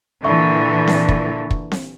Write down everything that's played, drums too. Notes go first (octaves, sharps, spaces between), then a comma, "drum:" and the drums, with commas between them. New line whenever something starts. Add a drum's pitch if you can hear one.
A#2 D3 E3 E5 C#6
drum: snare C4
drum: kick
drum: kick
drum: snare C4